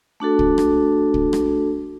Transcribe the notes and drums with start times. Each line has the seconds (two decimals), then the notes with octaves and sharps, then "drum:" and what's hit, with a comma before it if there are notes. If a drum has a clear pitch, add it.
0.20 A3 D4 F#4 A4
0.39 drum: kick
0.58 drum: rim click
1.14 drum: kick
1.33 drum: rim click